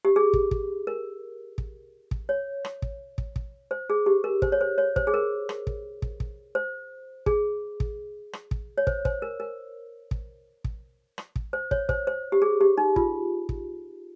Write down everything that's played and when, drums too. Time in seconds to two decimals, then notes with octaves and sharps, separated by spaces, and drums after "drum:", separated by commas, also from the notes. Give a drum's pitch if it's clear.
0.05 G4
0.16 G#4
0.33 drum: kick
0.51 drum: kick
0.87 A#4
1.58 drum: kick
2.11 drum: kick
2.29 C#5
2.65 drum: rim click
2.82 drum: kick
3.18 drum: kick
3.36 drum: kick
3.71 C5
3.90 G#4
4.06 G4
4.24 A#4
4.42 C5, drum: kick
4.52 C#5
4.61 C5
4.78 C#5
4.96 C5, drum: kick
5.07 G#4
5.14 A#4
5.49 drum: rim click
5.67 drum: kick
6.02 drum: kick
6.20 drum: kick
6.55 C5
7.26 G#4, drum: kick
7.80 drum: kick
8.33 drum: rim click
8.51 drum: kick
8.78 C#5
8.87 C5, drum: kick
9.05 C5, drum: kick
9.22 A#4
9.40 A#4
10.11 drum: kick
10.64 drum: kick
11.18 drum: rim click
11.36 drum: kick
11.53 C5
11.71 C#5, drum: kick
11.89 C5, drum: kick
12.07 C5
12.32 G4
12.42 G#4
12.61 G4
12.78 D#4
12.96 F4, drum: kick
13.49 drum: kick